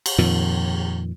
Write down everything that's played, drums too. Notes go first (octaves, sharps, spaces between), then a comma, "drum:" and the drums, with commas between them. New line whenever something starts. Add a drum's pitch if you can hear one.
drum: cymbal
F2 A#2 D#3